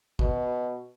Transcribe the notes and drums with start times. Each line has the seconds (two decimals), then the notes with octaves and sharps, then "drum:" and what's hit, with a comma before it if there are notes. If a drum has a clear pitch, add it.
0.19 B2, drum: kick